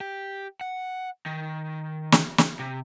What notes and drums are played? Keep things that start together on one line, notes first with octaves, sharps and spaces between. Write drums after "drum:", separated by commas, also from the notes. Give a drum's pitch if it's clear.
G4
F#5
D#3
drum: snare
drum: snare
C3